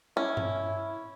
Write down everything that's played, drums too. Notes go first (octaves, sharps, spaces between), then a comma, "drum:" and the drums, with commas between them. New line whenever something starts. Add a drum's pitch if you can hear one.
C#4 E4
drum: tom G2